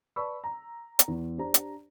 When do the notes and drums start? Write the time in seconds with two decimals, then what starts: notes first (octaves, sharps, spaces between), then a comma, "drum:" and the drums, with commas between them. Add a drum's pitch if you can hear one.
0.16 B4 D5 A5 B5 C#6 E6
0.44 A#5
0.99 drum: hi-hat
1.08 E2
1.38 D4 G4 C5 A#5
1.54 drum: hi-hat